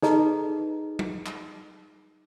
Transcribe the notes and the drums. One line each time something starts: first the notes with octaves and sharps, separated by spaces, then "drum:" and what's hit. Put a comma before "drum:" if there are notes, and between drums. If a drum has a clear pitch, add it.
D#4 G#4 A4 B4 D#5 A#5, drum: snare
drum: tom
drum: clap